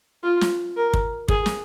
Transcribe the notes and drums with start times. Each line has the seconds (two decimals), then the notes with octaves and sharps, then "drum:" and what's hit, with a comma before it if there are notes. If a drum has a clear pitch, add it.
0.23 F4
0.41 drum: snare
0.76 A#4
0.93 drum: kick
1.28 G#4, drum: kick
1.46 drum: snare